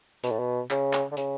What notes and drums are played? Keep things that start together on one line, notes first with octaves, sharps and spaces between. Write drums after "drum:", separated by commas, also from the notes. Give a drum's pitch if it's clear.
B2, drum: hi-hat
A2
B2
C#3, drum: clap
drum: clap
D3
C#3, drum: hi-hat